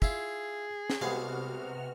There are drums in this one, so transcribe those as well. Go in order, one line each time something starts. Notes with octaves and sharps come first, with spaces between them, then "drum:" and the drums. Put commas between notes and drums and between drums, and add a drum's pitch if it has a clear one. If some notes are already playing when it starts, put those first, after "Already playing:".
E4 F4 G#4, drum: kick
drum: snare
C2 C3 G#3 B3 F#4 F5 F6